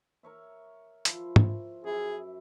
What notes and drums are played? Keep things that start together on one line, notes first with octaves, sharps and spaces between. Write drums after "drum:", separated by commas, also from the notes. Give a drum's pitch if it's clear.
A#4 C#5 E5
F3 E4 C6, drum: hi-hat
drum: tom
F#2 E4 G#4